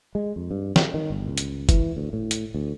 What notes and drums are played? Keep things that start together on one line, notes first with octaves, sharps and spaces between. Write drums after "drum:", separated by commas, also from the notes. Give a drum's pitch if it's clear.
G#3
F2
G2
C#3, drum: snare
D#3
G1
C#2
drum: hi-hat
E3, drum: kick, hi-hat
D2
A2
drum: hi-hat
D2